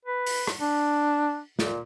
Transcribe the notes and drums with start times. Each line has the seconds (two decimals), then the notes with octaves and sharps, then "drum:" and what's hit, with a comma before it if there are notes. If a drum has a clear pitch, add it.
0.05 B4
0.26 drum: open hi-hat
0.47 drum: rim click
0.61 D4
1.59 A#2, drum: snare